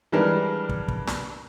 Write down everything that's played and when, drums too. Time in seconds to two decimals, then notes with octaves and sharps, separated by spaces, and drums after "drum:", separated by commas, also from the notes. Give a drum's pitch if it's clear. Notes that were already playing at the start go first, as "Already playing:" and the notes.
0.12 E3 G3 G#3 D4 A#4 B4
0.69 drum: kick
0.88 drum: kick
1.07 drum: snare